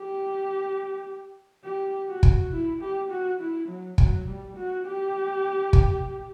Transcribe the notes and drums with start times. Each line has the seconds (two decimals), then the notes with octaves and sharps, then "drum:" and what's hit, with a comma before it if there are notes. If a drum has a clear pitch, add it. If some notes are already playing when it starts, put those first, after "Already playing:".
Already playing: G4
1.64 G4
2.08 F#4
2.23 drum: kick
2.52 E4
2.81 G4
3.11 F#4
3.40 E4
3.68 F#3
3.98 F#3, drum: kick
4.27 G3
4.56 F#4
4.86 G4
5.73 drum: kick